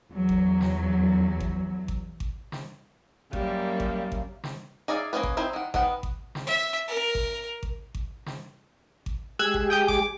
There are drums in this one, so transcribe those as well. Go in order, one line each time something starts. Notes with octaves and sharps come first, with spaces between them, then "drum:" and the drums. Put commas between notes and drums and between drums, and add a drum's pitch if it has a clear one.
E2 F#3
drum: kick G#1
drum: snare
drum: kick G#1
drum: kick G#1
drum: kick G#1
drum: snare
F#2 G3 A#3, drum: kick G#1
drum: kick G#1
drum: kick G#1
drum: snare
D#4 G#4 D5 E5 F5
A#3 C4 C#4 G#4 B4
drum: kick G#1
C4 D#4 E4 C5 E5
D#3 F#5
D#3 B3 F#5, drum: kick G#1
drum: kick G#1
drum: snare
E5
A#4
drum: kick G#1
drum: kick G#1
drum: kick G#1
drum: snare
drum: kick G#1
G#3 G4 G#4 E6 F#6 G#6
drum: kick G#1
G5 D#6 G6
D6, drum: kick G#1